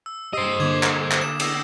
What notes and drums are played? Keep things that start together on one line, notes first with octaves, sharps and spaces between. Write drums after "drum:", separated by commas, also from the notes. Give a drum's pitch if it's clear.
E6
G4 C5 D#5 D#6 E6 C7
D3 A#3 D6 G#6 E7
drum: clap
drum: clap
E7
D#6 E6 A#6, drum: cymbal